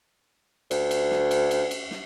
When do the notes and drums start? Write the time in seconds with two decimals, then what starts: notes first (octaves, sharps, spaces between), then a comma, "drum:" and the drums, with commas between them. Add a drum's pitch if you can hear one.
0.71 D2, drum: cymbal
0.91 drum: cymbal
1.11 drum: snare
1.31 drum: cymbal
1.51 drum: cymbal
1.71 drum: cymbal
1.91 drum: snare